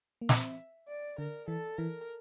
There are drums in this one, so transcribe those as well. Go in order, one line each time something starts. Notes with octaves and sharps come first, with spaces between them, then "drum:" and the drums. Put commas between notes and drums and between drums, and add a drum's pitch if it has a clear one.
A#3
C4 E5, drum: snare
D5
D3 A#4
E3 A4
E3 A#4